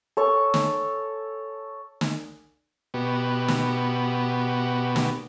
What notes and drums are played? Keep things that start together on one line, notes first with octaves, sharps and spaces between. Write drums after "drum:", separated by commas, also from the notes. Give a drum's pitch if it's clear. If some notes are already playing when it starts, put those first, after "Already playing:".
A4 C#5 C#6
drum: snare
drum: snare
B2 B3 F#4 G4
drum: snare
drum: snare